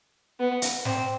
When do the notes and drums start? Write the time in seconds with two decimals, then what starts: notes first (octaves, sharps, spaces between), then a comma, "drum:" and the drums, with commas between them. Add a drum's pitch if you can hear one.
0.40 B3
0.62 drum: hi-hat
0.85 C4, drum: snare